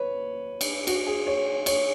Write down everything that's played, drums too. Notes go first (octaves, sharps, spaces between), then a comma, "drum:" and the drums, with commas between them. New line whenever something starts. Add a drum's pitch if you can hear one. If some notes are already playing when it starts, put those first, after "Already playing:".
Already playing: B4 C#5
drum: cymbal
F#4, drum: cymbal
G#4
C#5
C#5, drum: cymbal